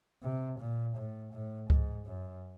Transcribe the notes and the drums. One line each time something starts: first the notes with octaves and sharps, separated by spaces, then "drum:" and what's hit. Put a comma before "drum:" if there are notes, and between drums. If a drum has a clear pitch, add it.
C3
A#2
A2
A2
G#2, drum: kick C#2
F#2